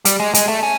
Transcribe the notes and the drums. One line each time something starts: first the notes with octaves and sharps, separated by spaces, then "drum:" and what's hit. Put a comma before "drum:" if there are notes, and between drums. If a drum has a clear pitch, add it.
G3, drum: hi-hat
G#3
G#3, drum: hi-hat
A3
C#4